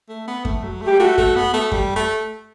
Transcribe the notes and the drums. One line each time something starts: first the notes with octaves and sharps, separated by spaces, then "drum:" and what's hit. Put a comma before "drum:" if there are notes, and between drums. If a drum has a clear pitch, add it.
A3
B3
A3, drum: kick F#2
F#3
A3
G3 G4
A3 F#4
A3, drum: kick F#2
B3
A3
G3, drum: kick F#2
A3